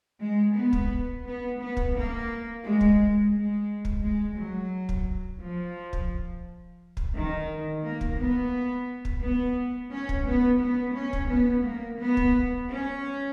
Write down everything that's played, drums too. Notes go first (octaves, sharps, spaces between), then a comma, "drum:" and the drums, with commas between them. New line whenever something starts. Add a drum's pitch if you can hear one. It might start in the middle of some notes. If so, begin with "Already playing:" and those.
G#3
B3
drum: kick
B3
B3
drum: kick
A#3
G#3
drum: kick
G#3
drum: kick
G#3
F#3
drum: kick
F3
drum: kick
drum: kick
D#3
A#3
drum: kick
B3
drum: kick
B3
C#4
drum: kick
B3
B3
C#4
drum: kick
B3
A#3
B3
drum: kick
C#4